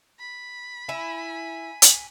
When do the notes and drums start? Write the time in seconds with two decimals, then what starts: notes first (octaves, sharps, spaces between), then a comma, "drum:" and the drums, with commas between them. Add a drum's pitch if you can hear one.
0.19 B5
0.89 E4 G#5
1.82 drum: hi-hat